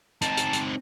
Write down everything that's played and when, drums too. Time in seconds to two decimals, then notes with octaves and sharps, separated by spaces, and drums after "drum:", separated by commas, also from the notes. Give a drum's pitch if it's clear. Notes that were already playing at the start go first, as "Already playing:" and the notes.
0.22 C4 D#4 A5, drum: hi-hat
0.38 drum: hi-hat
0.53 drum: hi-hat